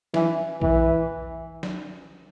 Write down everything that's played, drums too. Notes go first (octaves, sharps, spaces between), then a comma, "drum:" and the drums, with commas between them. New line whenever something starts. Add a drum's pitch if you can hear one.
E3, drum: snare
E3, drum: kick A#1
drum: snare